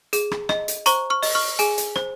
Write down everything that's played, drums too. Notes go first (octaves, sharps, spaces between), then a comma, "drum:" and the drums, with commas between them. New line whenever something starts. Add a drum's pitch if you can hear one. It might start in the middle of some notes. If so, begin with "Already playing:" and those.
G#4, drum: hi-hat
drum: rim click
D#5, drum: rim click
drum: hi-hat
C5 A#5 C#6, drum: hi-hat
C#6 F6
D#5, drum: open hi-hat
C#6 F6
G#4 G#5, drum: hi-hat
drum: hi-hat
C5, drum: rim click